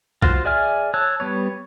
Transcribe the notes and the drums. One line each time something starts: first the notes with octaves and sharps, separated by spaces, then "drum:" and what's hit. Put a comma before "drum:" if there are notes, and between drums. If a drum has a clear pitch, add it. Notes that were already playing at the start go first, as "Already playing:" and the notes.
F4 F#4 C5, drum: kick B1
G#4 D5 E5 G#5 F6
C#5 A5 E6 F#6
G3 B3 C#5